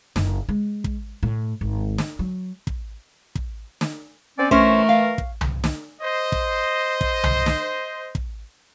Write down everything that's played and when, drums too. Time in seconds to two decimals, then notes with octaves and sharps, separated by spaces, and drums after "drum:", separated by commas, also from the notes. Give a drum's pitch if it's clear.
0.16 F#1, drum: snare
0.49 G#3
0.84 drum: kick
1.23 A2
1.61 G#1
1.98 drum: snare
2.19 F#3
2.67 drum: kick
3.35 drum: kick
3.81 drum: snare
4.38 C4 C#4 D5
4.51 E3 A3 C#4 A#4 C5, drum: kick
4.89 F5
5.18 drum: kick
5.41 drum: tom C2
5.64 drum: snare
6.01 C5 D#5
6.32 drum: kick
7.01 drum: kick
7.24 drum: tom C2
7.46 drum: snare
8.15 drum: kick